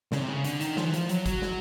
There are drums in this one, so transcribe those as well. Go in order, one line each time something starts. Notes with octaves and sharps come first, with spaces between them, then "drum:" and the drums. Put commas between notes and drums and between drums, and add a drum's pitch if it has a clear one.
C#3, drum: snare
C3
C#3
D3, drum: hi-hat
D#3, drum: hi-hat
F3, drum: snare
E3
F3, drum: hi-hat
F#3, drum: hi-hat
F#3, drum: kick, hi-hat
drum: snare